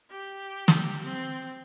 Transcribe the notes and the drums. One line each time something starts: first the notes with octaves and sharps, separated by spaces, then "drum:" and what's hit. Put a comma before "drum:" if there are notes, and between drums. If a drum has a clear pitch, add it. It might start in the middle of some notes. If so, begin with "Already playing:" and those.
G4
drum: snare
C4